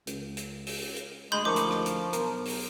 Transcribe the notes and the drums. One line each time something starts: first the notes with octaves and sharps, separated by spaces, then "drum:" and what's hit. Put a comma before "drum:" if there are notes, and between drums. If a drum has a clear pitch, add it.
C#2, drum: hi-hat
drum: hi-hat
drum: open hi-hat
drum: hi-hat
D2 G#3 B5 C6 G6
D2 F3 E4 A#4 C#6 D6
drum: hi-hat
drum: rim click
drum: hi-hat
B1 A#4, drum: hi-hat
drum: open hi-hat